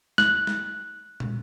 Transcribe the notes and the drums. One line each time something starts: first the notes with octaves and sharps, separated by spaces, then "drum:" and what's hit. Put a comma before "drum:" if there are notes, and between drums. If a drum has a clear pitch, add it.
F#6, drum: snare
drum: snare
drum: tom